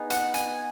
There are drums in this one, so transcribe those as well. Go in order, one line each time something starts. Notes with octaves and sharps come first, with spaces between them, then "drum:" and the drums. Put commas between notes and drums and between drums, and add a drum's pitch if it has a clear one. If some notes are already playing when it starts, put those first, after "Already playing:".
Already playing: B3 D#4 G#4
F#5, drum: hi-hat
G#5, drum: hi-hat